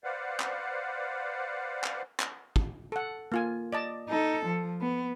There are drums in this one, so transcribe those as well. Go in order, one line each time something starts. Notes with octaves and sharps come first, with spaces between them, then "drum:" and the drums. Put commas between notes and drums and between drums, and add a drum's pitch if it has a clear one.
B4 C5 D5 F5 F#5
drum: clap
drum: clap
drum: clap
drum: kick
A4 F#5
A#3 F4 G#5
D5 D#5 A5
D#4 A4
F3
B3